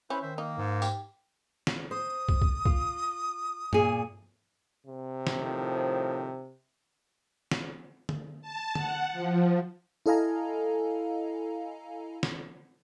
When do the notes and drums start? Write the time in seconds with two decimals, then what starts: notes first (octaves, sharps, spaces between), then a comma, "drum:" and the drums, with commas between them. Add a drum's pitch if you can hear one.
0.10 C#4 E4 B4 C5
0.22 D#3 C5 E5
0.38 A#3 D#4
0.58 G#2
0.82 G4, drum: tambourine
1.67 drum: snare
1.91 C5 D#6
2.29 drum: kick
2.42 drum: kick
2.65 F4, drum: kick
3.73 A#2 G#4, drum: tom G2
4.87 C3
5.27 drum: snare
5.37 A2 D#3 F3
7.52 drum: snare
8.09 drum: tom
8.42 A5
8.75 F#5, drum: tom
9.12 F3
10.06 E4 A4 D#5 F5 G#5 A#5
12.23 drum: snare